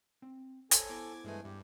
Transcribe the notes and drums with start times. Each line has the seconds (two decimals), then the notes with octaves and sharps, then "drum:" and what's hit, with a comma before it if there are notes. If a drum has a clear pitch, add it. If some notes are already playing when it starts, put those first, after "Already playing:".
0.22 C4
0.71 A4 C5 C#5 G#5, drum: hi-hat
0.89 B3 E4 C5 D6 G#6
1.24 G2 E3 G#3 A3 G#5
1.45 G2 G4